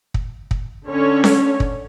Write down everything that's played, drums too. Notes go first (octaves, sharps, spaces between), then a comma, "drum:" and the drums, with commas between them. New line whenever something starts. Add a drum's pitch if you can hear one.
drum: kick
drum: kick
D3 C#4 A4 C#5
drum: snare C#4
drum: kick